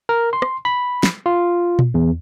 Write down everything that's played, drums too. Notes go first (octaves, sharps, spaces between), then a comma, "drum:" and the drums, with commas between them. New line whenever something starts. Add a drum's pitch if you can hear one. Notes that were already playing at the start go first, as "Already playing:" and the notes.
A#4
C6
drum: rim click
B5
drum: snare
F4
drum: tom A#2
E2